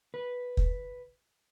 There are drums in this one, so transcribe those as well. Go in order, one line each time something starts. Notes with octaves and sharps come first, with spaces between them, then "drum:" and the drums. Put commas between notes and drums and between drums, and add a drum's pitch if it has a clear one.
B4
drum: kick